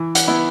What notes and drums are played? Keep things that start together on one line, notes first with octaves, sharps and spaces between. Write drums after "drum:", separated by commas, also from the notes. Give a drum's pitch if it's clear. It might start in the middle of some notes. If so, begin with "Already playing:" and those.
Already playing: E3
F#5, drum: hi-hat
B3 E4